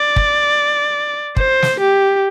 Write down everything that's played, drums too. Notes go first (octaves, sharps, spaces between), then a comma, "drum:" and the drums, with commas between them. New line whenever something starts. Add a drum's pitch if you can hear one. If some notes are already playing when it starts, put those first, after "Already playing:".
Already playing: D5
drum: kick
C5, drum: kick
drum: snare
G4